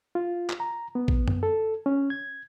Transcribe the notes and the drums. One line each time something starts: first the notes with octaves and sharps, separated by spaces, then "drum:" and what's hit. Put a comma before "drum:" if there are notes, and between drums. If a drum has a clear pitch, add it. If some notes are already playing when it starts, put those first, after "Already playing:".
F4
drum: clap
A#5
B3
drum: kick
drum: tom F#2
A4
C#4
G#6